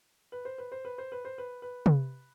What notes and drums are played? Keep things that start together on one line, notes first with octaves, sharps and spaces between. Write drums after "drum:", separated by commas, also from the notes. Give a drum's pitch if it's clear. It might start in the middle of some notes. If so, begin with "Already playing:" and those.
B4
C5
B4
C5
B4
C5
B4
C5
B4
B4
drum: tom